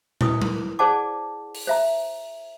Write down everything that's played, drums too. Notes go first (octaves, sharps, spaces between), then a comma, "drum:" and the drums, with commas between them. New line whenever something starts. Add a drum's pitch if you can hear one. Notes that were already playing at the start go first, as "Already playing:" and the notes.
E4 B4 D#6, drum: tom
drum: tom F#3
G#4 C5 D5 F#5 A5 D6
drum: open hi-hat
C5 E5 A#5